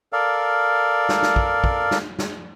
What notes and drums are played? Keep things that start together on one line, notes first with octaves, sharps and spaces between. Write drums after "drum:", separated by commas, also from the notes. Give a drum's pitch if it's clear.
A4 A#4 D5 F5
drum: snare
drum: snare
drum: kick
drum: kick
drum: snare
drum: snare